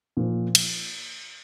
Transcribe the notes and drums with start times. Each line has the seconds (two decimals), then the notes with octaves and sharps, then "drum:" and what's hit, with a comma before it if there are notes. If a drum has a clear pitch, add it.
0.17 A#2 F3
0.55 drum: cymbal